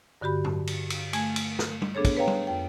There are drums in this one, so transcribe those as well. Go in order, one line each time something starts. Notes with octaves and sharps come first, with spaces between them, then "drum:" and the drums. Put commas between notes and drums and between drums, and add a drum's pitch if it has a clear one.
G2 D3 F#4 G4 B5
drum: tom A2
drum: cymbal
drum: cymbal
A3 G#5 G#6, drum: cymbal
drum: cymbal
drum: snare
drum: tom G3
B3 D4 G#4 A4 C#5
drum: kick, cymbal
B4 C#5 F5 G5 A#5
drum: tom G3
F2 G5